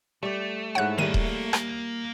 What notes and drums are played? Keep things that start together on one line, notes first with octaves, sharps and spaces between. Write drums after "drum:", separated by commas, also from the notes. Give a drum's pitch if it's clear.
G3 A3 D5
G#2 E4 C#5 F#5 F#6
D#3 G3 A#3 E5 F#5 D#7
drum: kick D#1
drum: rim click